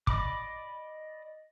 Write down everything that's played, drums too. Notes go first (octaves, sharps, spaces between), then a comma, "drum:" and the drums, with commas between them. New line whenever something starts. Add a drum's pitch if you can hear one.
D5 D#5 B5 D6, drum: kick